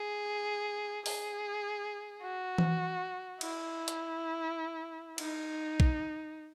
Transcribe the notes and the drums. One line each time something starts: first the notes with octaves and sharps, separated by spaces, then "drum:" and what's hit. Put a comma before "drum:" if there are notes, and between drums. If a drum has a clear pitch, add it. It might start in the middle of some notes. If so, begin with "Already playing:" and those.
Already playing: G#4
G#4, drum: open hi-hat
F#4
drum: tom E3
E4, drum: cymbal
drum: hi-hat
D#4, drum: cymbal
drum: kick